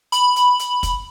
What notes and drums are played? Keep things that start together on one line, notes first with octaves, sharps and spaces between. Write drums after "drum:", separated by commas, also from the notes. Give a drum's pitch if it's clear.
B5, drum: hi-hat
drum: hi-hat
drum: hi-hat
drum: kick, hi-hat